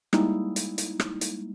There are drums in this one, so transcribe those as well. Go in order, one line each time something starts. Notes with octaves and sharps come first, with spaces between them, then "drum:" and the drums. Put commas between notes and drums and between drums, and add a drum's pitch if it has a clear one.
G3 G#3 A#3 D#4 E4, drum: rim click
drum: hi-hat
drum: hi-hat
drum: rim click
drum: hi-hat